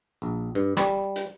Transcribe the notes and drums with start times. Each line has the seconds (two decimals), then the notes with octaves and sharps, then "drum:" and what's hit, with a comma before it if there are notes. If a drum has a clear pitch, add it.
0.22 A#1
0.55 G2
0.77 G3, drum: rim click
1.16 drum: hi-hat